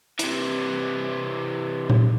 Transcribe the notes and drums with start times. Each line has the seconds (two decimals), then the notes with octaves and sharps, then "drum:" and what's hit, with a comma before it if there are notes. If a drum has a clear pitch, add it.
0.19 C3 E3, drum: hi-hat
1.90 drum: tom A#2